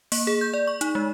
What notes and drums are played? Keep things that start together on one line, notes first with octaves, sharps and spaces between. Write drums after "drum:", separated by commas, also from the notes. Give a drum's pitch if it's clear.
A#3, drum: open hi-hat
G#4
G6
D5
C#6
D#4, drum: hi-hat
G#3